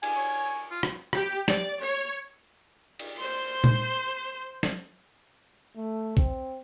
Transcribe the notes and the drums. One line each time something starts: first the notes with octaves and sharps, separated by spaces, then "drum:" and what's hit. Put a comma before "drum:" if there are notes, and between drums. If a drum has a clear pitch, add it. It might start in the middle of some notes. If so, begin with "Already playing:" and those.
G#5, drum: cymbal
C#5
F4
drum: rim click
G4, drum: rim click
D5, drum: snare
C#5
drum: cymbal
C5 C6
drum: tom A#2
drum: snare
A3
C4, drum: kick